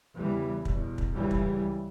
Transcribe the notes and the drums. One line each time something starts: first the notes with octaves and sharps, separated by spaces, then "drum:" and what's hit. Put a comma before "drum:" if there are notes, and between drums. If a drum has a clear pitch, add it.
E2 C#3 E3 G3
E2 B2, drum: kick
drum: kick
C#2 C#3 E3 G3
drum: kick